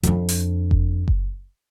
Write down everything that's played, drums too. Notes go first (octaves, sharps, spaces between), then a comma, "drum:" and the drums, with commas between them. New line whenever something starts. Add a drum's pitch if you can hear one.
F2 D4, drum: hi-hat
drum: open hi-hat
drum: kick F#1
drum: kick F#1